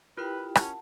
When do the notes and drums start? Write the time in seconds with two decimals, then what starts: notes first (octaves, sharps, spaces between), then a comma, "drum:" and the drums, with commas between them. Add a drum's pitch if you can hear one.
0.17 E4 F4 G4 A#4 B4 G5 B5 F6
0.55 C#4 F#5 A5, drum: rim click